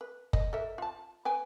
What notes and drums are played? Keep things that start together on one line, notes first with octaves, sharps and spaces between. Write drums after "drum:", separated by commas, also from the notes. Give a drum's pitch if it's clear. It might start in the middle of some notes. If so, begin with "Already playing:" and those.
B4
D#5, drum: kick
A4 A#4 E5
F4 A5
B4 G5 G#5